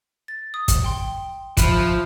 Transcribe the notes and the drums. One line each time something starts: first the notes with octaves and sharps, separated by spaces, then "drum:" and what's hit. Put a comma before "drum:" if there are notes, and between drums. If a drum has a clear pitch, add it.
A6
D#6
drum: kick, hi-hat
G5 C6
F3 E5 B5 F#6, drum: kick, hi-hat